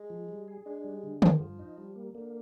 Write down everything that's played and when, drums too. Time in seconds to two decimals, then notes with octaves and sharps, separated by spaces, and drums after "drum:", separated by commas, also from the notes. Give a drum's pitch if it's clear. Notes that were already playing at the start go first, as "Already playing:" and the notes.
Already playing: G#3
0.10 F3
0.29 G3
0.48 G#4
0.66 G#3 D4
0.84 G3
1.03 D3
1.22 G#3, drum: tom D3
1.39 G2 F3
1.59 D#4
1.78 G3
1.96 A#3
2.14 D3 A#3